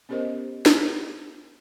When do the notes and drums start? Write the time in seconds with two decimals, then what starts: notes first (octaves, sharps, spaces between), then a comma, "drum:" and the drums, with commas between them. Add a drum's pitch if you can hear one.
0.09 B3 C#4 G4 A#4 C5 D#5
0.66 drum: snare